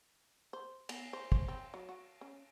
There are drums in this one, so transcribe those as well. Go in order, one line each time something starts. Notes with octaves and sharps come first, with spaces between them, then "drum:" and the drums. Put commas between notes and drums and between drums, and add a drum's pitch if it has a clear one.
C5
B3, drum: cymbal
C5
C5, drum: kick
C4
F#3
F#4
C#4